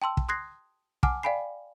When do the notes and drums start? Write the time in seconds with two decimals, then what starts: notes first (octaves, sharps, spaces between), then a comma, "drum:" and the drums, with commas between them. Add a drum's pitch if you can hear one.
0.02 G5 A5 C6 E6
0.17 drum: kick
0.29 C6 D#6 F#6 G#6 A#6 C7
1.03 F#5 G#5 A5 D6 F6, drum: kick
1.23 D5 F5 G5 G#5 B5 C7